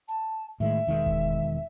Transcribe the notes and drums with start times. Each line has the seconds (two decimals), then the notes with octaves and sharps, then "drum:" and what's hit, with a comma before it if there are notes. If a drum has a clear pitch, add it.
0.08 A5, drum: hi-hat
0.60 A2 D#3 G#3 E5
0.87 E1 D#3 G#3
1.06 drum: kick F1